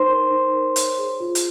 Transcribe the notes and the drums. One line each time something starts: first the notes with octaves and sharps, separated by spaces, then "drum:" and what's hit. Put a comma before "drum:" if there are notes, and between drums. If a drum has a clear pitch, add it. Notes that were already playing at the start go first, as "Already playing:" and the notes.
Already playing: D#4 C5 C6
A#4
D#4
A#4
C#5, drum: hi-hat
G#4
F4
drum: hi-hat